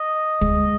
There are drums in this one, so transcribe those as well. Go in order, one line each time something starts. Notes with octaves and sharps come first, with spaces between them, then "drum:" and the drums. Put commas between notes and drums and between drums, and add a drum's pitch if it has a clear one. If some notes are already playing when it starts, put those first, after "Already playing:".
Already playing: D#5
G#3, drum: kick